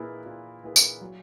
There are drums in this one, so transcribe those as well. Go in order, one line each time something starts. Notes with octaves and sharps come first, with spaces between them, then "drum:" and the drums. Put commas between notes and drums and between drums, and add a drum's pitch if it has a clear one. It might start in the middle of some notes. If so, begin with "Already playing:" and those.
Already playing: A#2 A#3 E4 G#4 B4
A#2
A#3 E4 G#4 B4
drum: tambourine
F#3